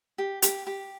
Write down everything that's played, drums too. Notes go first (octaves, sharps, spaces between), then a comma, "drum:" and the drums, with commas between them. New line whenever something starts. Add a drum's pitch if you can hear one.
G4
G4, drum: hi-hat
G4